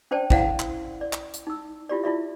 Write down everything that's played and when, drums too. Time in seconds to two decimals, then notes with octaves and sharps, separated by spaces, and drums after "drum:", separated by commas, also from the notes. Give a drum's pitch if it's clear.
0.11 C#4 D4 C5 D5 G5 A5
0.30 C#4 E4 C5 D5 F5 F#5, drum: kick
0.60 drum: clap
1.01 D5
1.13 drum: clap
1.34 drum: hi-hat
1.47 D#4 E6
1.89 E4 F4 G4 D5
2.04 E4 F4 D5 E5